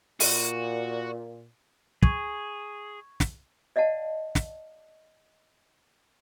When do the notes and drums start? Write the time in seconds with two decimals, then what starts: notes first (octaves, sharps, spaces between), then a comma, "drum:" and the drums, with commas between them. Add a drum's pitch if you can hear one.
0.20 A#2 F#4, drum: open hi-hat
2.02 G#4 C#6 G#6, drum: kick
3.20 drum: snare
3.76 D5 D#5 F5 F#5 A5
4.35 drum: snare